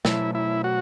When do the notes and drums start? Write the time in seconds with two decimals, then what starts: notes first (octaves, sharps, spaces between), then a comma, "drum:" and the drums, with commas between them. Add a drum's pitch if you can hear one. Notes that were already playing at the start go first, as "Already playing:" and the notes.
0.05 B2 F#3 A3 E4, drum: snare
0.35 E4
0.64 F#4